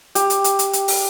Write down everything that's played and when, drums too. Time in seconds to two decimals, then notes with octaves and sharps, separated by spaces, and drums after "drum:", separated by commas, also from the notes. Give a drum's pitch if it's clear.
0.15 G4, drum: hi-hat
0.30 drum: hi-hat
0.44 drum: hi-hat
0.59 drum: hi-hat
0.73 drum: hi-hat
0.88 drum: open hi-hat